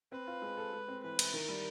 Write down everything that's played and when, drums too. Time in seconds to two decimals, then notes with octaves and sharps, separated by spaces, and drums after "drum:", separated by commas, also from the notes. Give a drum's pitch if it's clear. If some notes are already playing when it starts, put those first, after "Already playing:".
0.12 C4 B4
0.27 F4
0.42 G#3
0.57 A4
0.73 G#3
0.88 C4
1.03 E3 B4
1.19 E4, drum: cymbal
1.33 D#3 A#4
1.48 G3